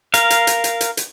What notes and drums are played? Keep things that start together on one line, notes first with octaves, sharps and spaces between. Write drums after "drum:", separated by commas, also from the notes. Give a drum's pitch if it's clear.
A#4 F5, drum: hi-hat
drum: hi-hat
drum: hi-hat
drum: hi-hat
drum: hi-hat
drum: hi-hat